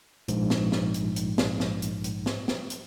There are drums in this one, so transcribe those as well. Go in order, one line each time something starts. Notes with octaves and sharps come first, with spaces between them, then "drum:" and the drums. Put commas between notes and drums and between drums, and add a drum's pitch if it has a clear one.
A#1 G#2, drum: hi-hat
drum: snare
drum: snare
drum: hi-hat
drum: hi-hat
drum: snare
drum: snare
drum: hi-hat
drum: hi-hat
drum: snare
drum: snare
drum: hi-hat